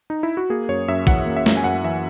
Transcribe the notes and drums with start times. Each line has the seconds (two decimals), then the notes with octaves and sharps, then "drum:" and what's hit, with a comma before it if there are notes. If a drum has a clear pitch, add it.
0.10 D#4
0.23 E4
0.37 F#4
0.50 A#3 G#4
0.69 F#2 C#5
0.88 F#2 E5
1.07 E3 F#5, drum: kick
1.26 A#3
1.37 E5
1.46 F#2, drum: snare
1.57 G#5
1.64 F#2 F#5
1.83 E3 E5